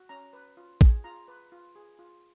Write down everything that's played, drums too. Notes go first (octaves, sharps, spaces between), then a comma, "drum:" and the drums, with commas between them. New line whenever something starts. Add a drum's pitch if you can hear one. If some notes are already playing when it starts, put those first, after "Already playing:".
Already playing: F#4
C#4 A#5
B4
F4
G#4, drum: kick
F4 A#5
B4
F4
G#4
F4